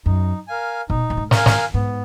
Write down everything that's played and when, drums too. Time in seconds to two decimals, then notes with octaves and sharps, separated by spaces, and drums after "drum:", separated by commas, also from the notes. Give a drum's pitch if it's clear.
0.06 F#2 D#4
0.48 A#4 F5 G#5
0.90 B2 D#4, drum: kick
1.10 A#2
1.17 G#2
1.31 A#4 F5 G#5, drum: snare
1.46 G#2, drum: snare
1.74 G#2 B3